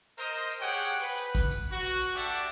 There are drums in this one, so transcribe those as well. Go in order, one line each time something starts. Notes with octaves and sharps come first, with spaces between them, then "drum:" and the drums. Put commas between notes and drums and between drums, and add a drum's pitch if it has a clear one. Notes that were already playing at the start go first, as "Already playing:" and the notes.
A#4 C5 D#5, drum: tambourine
drum: tambourine
drum: tambourine
G4 G#4 C#5 F#5 G5
drum: tambourine
B4, drum: tambourine
drum: tambourine
drum: kick, tambourine
drum: tambourine
F#4
drum: tambourine
drum: tambourine
A3 D4 G4 D5 E5 F#5
drum: tambourine